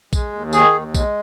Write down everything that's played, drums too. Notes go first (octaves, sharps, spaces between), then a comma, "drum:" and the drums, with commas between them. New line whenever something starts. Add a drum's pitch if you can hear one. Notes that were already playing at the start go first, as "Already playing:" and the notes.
G#3, drum: kick A#1, tambourine
D#2
D#3 G#4, drum: tambourine
D#2
G#3, drum: kick A#1, tambourine